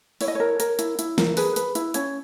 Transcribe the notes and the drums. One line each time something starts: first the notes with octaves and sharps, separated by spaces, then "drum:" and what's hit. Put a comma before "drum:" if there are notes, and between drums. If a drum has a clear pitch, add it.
E4 C#5, drum: open hi-hat
D#5
A#4 C#5
A#4, drum: hi-hat
E4, drum: hi-hat
E4, drum: hi-hat
A#4, drum: snare
G#4 B4, drum: open hi-hat
B4, drum: hi-hat
E4, drum: hi-hat
C#4 C#5, drum: hi-hat